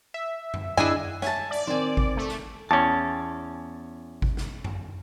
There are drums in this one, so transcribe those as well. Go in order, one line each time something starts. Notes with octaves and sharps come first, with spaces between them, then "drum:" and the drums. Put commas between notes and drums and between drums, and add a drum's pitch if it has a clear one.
E5
drum: tom F#2
D4 E4 G#4 D#5 G#5 E6, drum: tom F#2
C#5 E5 G#5 A5, drum: snare
D5
D#3 C4 C5 G#5
drum: kick G#1
A3
drum: snare
E2 C#4 A5
drum: kick G#1
drum: snare
drum: tom F#2